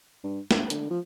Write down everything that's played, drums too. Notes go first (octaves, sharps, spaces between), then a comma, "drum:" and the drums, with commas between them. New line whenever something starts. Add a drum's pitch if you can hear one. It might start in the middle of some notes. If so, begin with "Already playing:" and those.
G2
G2, drum: snare
D3, drum: hi-hat
F3